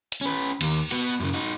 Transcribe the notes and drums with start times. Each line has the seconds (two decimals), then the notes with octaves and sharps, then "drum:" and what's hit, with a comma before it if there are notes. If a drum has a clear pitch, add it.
0.12 drum: hi-hat
0.21 C#4 B4
0.61 D#2, drum: cymbal
0.91 B3 F#4, drum: hi-hat
1.20 F#2 C#3
1.34 D#4 F#4